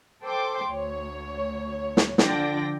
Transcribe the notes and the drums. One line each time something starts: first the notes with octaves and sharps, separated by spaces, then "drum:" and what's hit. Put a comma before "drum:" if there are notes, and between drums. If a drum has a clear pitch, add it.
A4 C5 G5 C6 D6
D2 C#5
drum: snare
D3 F3 D4 D5 G5 A#6, drum: snare